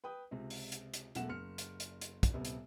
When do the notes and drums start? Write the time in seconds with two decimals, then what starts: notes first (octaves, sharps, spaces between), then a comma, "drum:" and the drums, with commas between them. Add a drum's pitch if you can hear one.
0.04 B4 G5 D#6
0.31 C#2 C3
0.50 drum: open hi-hat
0.72 drum: hi-hat
0.94 drum: hi-hat
1.15 E1 B1 A3 F#5 E7, drum: hi-hat
1.29 F#1 F6 C#7
1.58 drum: hi-hat
1.80 drum: hi-hat
2.01 drum: hi-hat
2.23 drum: kick, hi-hat
2.33 D#1 C3 B3
2.45 drum: hi-hat